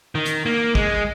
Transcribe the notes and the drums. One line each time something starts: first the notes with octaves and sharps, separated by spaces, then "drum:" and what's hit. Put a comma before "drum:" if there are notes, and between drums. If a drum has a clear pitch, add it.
D#3
drum: hi-hat
A#3
G#3, drum: kick